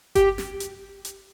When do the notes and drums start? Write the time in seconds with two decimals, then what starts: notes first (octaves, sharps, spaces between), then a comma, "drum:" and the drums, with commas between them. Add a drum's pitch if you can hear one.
0.15 G4, drum: kick G1, hi-hat
0.38 drum: snare
0.60 drum: hi-hat
1.05 drum: hi-hat